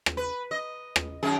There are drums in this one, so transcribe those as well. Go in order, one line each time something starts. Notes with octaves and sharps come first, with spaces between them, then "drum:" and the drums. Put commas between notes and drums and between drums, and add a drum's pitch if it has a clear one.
drum: rim click
B4
D#5
drum: rim click
F#2 D#3 G#4